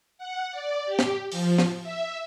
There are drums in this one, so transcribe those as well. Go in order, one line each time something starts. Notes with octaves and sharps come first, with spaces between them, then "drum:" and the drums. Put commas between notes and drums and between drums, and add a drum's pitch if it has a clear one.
F#5
D5
G4
drum: snare
F3, drum: open hi-hat
drum: snare
E5